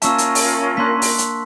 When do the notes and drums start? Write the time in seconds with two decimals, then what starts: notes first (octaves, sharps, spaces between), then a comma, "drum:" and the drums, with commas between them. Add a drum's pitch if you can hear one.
0.02 A#3 C#4 F4 A#4 E5 A5 C#6 E6, drum: hi-hat
0.18 drum: hi-hat
0.35 drum: open hi-hat
0.77 A#3 D4 C6 F#6 B6
1.02 drum: open hi-hat
1.18 drum: hi-hat